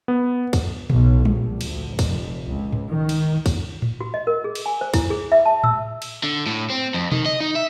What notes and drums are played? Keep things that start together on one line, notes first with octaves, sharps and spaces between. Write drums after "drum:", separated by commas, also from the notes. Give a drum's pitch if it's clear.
B3
drum: kick, cymbal
B1, drum: tom
A#1, drum: tom
D2, drum: cymbal
F1, drum: kick, cymbal
C#2
drum: tom G#2
D#3
drum: cymbal
drum: kick, cymbal
drum: tom A2
F#4
D#5
A#4
G#4
drum: cymbal
G#5
C5
E4, drum: kick, cymbal
G#4
E5
A5
E6, drum: tom A2
drum: cymbal
D3
A2
C4
F2
D#3, drum: tom
D#5
D#4
E5